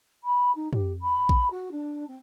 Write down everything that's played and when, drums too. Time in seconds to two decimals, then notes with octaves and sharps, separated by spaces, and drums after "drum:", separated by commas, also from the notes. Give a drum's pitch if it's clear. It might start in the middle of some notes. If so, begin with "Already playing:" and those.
0.23 B5
0.55 D#4
0.73 G4, drum: tom
1.01 B5
1.29 drum: kick A#1
1.50 F#4
1.71 D4
2.07 C4